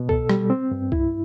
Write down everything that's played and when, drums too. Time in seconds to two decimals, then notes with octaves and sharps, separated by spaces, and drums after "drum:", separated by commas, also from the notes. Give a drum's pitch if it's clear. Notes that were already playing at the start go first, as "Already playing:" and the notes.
Already playing: B2
0.09 A4, drum: kick
0.29 G3, drum: rim click
0.50 C4
0.71 G2
0.92 E4, drum: kick